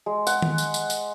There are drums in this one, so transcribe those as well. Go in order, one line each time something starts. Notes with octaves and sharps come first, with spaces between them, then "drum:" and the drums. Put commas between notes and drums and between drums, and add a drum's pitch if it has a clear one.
G#3
F#5, drum: tambourine
drum: tom D#3
drum: tambourine
drum: tambourine
drum: tambourine